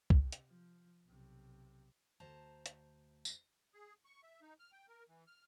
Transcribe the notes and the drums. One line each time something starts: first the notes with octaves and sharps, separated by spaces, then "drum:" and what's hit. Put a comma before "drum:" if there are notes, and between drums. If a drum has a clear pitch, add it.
drum: kick
C3
drum: hi-hat
F3
B1 C3
D2 C5 A5 A#5
drum: hi-hat
drum: tambourine
G#4
C#6
E5
D#4
F6
G5
A#4
E3
F6